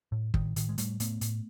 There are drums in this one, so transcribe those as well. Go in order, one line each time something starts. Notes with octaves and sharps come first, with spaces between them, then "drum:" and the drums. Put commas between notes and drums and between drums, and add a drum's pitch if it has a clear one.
A2
A2 D#3, drum: kick
A2 D#3, drum: hi-hat
G#3
A2 G3 A3, drum: hi-hat
A2 A3 B3, drum: hi-hat
A2, drum: hi-hat